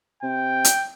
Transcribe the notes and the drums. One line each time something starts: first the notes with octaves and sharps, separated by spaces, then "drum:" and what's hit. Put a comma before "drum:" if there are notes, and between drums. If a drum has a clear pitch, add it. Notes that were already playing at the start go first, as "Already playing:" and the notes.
C3 G5
drum: hi-hat